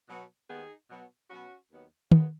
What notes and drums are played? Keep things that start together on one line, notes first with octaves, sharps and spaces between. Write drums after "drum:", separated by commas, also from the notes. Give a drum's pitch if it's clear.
B2 F#3 B3
D#2 D#3 G#3 B3 D#4 G#4
B2 F#3 B3
B2 F#3 B3 C#4 F#4
D#2 D#3 F#3 B3
F#2 C#3 G#3 B3, drum: tom